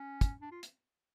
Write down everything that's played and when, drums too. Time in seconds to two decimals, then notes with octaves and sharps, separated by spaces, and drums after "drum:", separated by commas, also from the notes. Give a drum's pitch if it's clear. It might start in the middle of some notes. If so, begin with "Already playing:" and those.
Already playing: C#4
0.21 drum: kick, hi-hat
0.42 D4
0.51 F4
0.63 drum: hi-hat